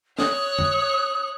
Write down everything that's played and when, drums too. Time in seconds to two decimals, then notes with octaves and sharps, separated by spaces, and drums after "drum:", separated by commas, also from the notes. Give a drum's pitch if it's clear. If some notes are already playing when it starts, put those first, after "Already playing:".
0.19 C#5 D#6 F#6, drum: snare
0.59 drum: tom